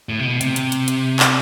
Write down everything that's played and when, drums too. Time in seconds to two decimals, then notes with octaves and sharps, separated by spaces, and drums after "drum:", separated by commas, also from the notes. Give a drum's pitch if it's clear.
0.09 A2
0.20 C3
0.25 B2
0.41 C3, drum: hi-hat
0.56 drum: hi-hat
0.72 drum: hi-hat
0.88 drum: hi-hat
1.19 drum: clap